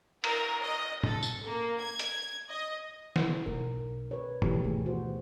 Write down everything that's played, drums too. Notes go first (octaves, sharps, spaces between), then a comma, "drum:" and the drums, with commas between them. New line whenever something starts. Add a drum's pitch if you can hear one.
A#4, drum: cymbal
D#5
A4, drum: tom
drum: tambourine
A#3
G#6
drum: hi-hat
D#5
drum: snare
B1 A#4
B4 C#5
D2 B2 E3 E4 G4, drum: tom G#2
D2 D#3 B3 G#4
F#4 C5